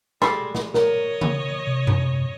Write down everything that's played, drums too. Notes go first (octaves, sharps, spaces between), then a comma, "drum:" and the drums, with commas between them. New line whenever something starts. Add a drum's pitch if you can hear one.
G3 G#3 A4 C6 D6, drum: snare
drum: snare
A#4 C#5 D#5, drum: snare
drum: tom C#3
C3
drum: tom F#2